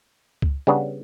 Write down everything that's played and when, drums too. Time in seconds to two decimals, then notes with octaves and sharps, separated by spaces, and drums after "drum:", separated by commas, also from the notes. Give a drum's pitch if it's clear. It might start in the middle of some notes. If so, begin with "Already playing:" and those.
0.42 drum: kick C#2
0.67 C#3 G3 B3 D4